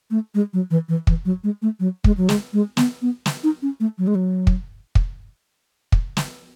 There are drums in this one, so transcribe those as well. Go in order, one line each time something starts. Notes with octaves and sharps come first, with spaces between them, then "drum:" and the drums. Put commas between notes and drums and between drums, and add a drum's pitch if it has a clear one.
A3
G#3
F#3
E3
E3
E3, drum: kick
F#3
G#3
A3
F#3
G#3, drum: kick
F#3
G#3, drum: snare
G#3
B3, drum: snare
B3
drum: snare
D#4
C#4
A3
F#3
G#3
F#3
drum: kick
drum: kick
drum: kick
drum: snare